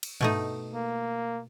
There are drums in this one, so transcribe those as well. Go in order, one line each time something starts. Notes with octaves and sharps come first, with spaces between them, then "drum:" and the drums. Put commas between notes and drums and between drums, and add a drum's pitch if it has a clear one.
drum: cymbal
B2 A3 D#4, drum: tom
A#3